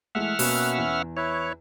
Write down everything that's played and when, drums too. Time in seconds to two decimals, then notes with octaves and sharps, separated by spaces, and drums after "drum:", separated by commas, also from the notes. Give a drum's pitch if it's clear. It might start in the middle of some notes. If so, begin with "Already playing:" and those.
0.15 E3 G#3 A3 E5 F#5 F6
0.39 B2 A#3 C#4 B4 E6, drum: open hi-hat
0.78 E2
1.17 E4 B4 C#5 E5